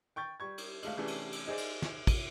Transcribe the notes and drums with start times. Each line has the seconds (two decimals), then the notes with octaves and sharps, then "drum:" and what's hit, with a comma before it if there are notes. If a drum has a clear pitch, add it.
0.16 G5 C#6 G6 A6
0.40 G3 C#6 G#6
0.58 drum: cymbal
0.83 G#3 A3 F5, drum: cymbal
0.97 C3 E3 A3 C#4 D4 G#4
1.08 drum: cymbal
1.33 drum: cymbal
1.47 D#4 G#4 C5 D5
1.57 drum: cymbal
1.82 drum: snare
2.07 drum: kick, cymbal